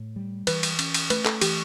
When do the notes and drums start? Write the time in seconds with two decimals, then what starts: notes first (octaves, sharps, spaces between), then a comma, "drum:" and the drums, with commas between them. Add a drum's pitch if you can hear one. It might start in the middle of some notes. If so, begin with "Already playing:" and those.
Already playing: A2
0.16 G3
0.47 E3 B4, drum: cymbal
0.63 drum: cymbal
0.79 C#4, drum: cymbal
0.94 drum: cymbal
1.10 A3 B4, drum: cymbal
1.25 A4, drum: clap
1.41 E3 G4, drum: cymbal